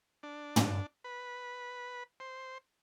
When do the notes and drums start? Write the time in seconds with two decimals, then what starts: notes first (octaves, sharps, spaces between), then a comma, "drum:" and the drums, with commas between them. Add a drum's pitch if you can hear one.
0.23 D4
0.56 drum: tom
1.04 B4
2.20 C5